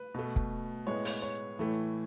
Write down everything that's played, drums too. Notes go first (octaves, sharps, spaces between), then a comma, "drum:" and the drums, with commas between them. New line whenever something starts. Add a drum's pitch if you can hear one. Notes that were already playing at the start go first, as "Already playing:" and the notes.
Already playing: B4
B2 A3
drum: kick
A2 G#3 B3 C#5
B4, drum: open hi-hat
C#5
A2 E3 A3